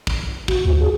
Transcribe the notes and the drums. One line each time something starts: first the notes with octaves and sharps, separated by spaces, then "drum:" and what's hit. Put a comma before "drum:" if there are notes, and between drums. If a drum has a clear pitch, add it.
drum: kick
F#4, drum: kick
D2
G#4